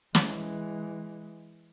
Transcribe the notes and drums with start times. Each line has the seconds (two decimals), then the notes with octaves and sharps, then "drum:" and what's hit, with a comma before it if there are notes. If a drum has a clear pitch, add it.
0.15 E3 G#3, drum: snare